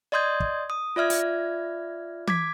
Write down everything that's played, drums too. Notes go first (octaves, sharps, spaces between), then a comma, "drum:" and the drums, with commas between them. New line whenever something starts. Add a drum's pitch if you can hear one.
D5 D#5 C6 D#6 G6 G#6
drum: kick
D#6
F4 D5 E5 F6 G#6
drum: hi-hat
D6 G#6 B6, drum: tom